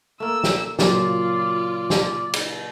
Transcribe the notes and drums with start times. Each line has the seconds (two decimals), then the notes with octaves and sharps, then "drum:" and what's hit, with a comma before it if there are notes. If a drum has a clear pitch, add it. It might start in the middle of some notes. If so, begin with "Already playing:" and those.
0.20 A3 A#3 E6
0.44 drum: snare
0.79 A#2 C#3 F#3 F4 D5, drum: snare
1.90 drum: snare
2.33 drum: cymbal